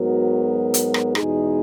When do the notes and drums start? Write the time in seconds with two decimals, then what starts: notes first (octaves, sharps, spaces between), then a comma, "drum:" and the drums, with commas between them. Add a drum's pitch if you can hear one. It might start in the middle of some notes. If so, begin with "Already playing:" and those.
Already playing: G#2 F#3 B3 F#4 A#4
0.74 drum: hi-hat
0.94 drum: rim click
1.15 E2 B2 G#3 D#4 G#4, drum: rim click